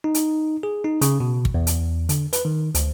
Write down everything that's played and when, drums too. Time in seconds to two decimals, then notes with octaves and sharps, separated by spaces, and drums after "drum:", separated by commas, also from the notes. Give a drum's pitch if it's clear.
0.04 D#4
0.14 drum: hi-hat
0.63 G#4
0.84 D#4
1.01 C#3, drum: hi-hat
1.20 B2
1.45 drum: kick
1.54 E2
1.67 drum: hi-hat
2.09 D3, drum: hi-hat
2.33 B4, drum: hi-hat
2.45 D#3
2.75 D2, drum: hi-hat